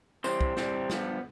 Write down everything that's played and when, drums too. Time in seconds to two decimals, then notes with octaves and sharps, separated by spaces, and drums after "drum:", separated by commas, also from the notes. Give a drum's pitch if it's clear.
0.24 C3 E3 G3 C4 C5, drum: tambourine
0.41 drum: kick
0.57 C3 E3 G3 C4, drum: snare
0.90 G2 F3 B3, drum: snare